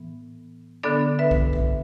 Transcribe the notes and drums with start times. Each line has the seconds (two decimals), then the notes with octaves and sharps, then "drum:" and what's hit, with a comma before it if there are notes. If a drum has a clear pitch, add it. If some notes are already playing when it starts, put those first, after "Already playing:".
Already playing: A2 E3 B3
0.83 D3 B3 D4 A4 D5
1.19 B4 E5
1.31 drum: kick
1.53 drum: kick